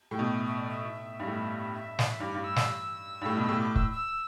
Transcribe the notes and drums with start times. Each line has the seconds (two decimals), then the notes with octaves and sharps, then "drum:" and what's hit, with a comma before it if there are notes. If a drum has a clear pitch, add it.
0.11 A2 G5
0.19 B2
0.34 E5
0.46 E5
0.58 D5
0.70 E5
1.20 G2
1.27 A2
1.74 E5
1.99 drum: snare
2.20 G2 D6
2.35 G2
2.44 E6
2.56 drum: snare
3.21 G2
3.25 A2
3.37 B2
3.49 A2
3.60 D6
3.76 E6, drum: kick C#1
3.91 E6